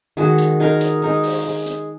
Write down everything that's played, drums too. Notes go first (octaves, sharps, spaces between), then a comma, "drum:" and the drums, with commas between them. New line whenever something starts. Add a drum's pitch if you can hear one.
D#3 G#3 F#4
drum: hi-hat
G#3 D#4 A#4
drum: hi-hat
G#3 D#4 A#4
drum: open hi-hat
G#3
drum: hi-hat